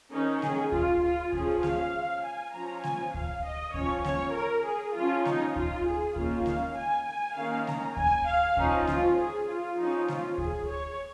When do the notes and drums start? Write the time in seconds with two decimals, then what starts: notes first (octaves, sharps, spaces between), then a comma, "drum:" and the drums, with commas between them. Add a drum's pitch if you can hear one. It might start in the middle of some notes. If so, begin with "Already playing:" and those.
0.12 D#3 C#4 D#4
0.42 G#4, drum: snare G#3
0.72 F4, drum: kick D2
1.03 F4
1.33 F3 C#4 G#4, drum: kick D2
1.63 F5, drum: snare G#3
2.24 G#5
2.53 F3 C#4 A#5
2.84 G#5, drum: snare G#3
3.14 F5, drum: kick D2
3.44 D#5
3.74 F3 C#4 C#5, drum: kick D2
4.05 C#5, drum: snare G#3
4.34 A#4
4.65 G#4
4.95 F3 C#4 F4
5.25 D#4, drum: snare G#3
5.56 F4, drum: kick D2
5.86 G#4
6.16 D#3 A#3 C#4 F4, drum: kick D2
6.46 F5, drum: snare G#3
6.77 G#5
7.07 G#5
7.36 D#3 A#3 C#4 F5
7.67 A#5, drum: snare G#3
7.97 G#5, drum: kick D2
8.27 F5
8.57 F3 C#4 D#4, drum: kick D2
8.87 F4, drum: snare G#3
9.18 G#4
9.48 F4
9.78 F3 C#4 D#4
10.08 F4, drum: snare G#3
10.38 G#4, drum: kick D2
10.68 C#5